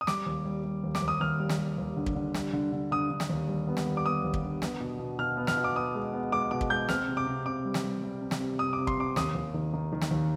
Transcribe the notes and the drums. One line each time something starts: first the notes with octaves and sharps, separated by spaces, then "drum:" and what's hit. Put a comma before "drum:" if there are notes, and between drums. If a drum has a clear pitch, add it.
D#6
G3 D6, drum: snare
D#2
G3
G3
D#2
D6, drum: snare
D#2
D#6
D#2 F6
G3
drum: snare
G3
D#2
D3
drum: kick
D3
G3, drum: snare
D3
D3
D3 D#6
D3
drum: snare
D#2
G3
B3
drum: snare
G3
D6
B3 D#6
D#2
drum: kick
D3
B3, drum: snare
B2
B2
B2 F6
B3
F6, drum: snare
B2
D6
B3 D#6
G#3
B3
G#3 D6
B2 D6
drum: kick
G#3 G6
C4 F6, drum: snare
C3
D6
C3
C3 D6
G3
drum: snare
G3
G3
C3
drum: snare
C3
C3 D#6
D6
C3
C6, drum: kick
C3 D6
D#2 D#6, drum: snare
D#2
D#3
D#3
D#3
drum: snare
D#2